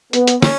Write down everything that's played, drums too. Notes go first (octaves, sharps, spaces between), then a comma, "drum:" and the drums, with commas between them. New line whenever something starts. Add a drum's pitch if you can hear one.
B3, drum: hi-hat
drum: hi-hat
C#4, drum: snare